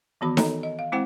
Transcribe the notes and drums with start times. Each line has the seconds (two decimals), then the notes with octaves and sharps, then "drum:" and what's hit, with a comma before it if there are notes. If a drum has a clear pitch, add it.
0.21 D#3 E3 B3 F#4 B5
0.37 A4 C#5 D#5 A#5, drum: snare D#4
0.63 D#5
0.79 F5
0.92 G#3 C4 E4 C5 F#5 G5